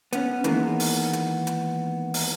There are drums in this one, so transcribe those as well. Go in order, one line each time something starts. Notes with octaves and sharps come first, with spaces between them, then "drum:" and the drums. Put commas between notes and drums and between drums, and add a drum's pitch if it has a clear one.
B3 C#4, drum: hi-hat
D#3 E3 G#3 A#3 B3, drum: hi-hat
drum: open hi-hat
drum: hi-hat
drum: hi-hat
drum: open hi-hat